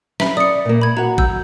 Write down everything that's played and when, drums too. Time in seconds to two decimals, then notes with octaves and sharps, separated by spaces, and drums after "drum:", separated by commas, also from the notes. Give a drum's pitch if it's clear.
0.20 C#4 E5 A#5 B5, drum: snare
0.37 D5 D#6 C#7
0.65 A#2 A#3
0.82 B5 G#6
0.97 F#4 F#5 A#5
1.18 E6 G6, drum: kick A1